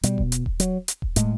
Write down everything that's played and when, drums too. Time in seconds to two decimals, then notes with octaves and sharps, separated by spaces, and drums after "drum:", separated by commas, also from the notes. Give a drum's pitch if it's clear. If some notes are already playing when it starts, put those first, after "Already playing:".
0.03 B2 G3, drum: hi-hat
0.18 drum: kick D#1
0.32 drum: hi-hat
0.46 drum: kick D#1
0.60 F#3, drum: hi-hat
0.88 drum: hi-hat
1.02 drum: kick D#1
1.16 A2 G#3, drum: hi-hat